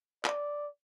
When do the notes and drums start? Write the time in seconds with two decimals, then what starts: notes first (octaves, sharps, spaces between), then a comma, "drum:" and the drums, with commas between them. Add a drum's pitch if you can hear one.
0.25 D5, drum: clap